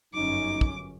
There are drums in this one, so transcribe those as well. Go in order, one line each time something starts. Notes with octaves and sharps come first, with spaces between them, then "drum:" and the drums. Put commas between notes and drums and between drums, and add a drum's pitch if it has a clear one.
G1 F#2 C#4 D#4 D6
drum: kick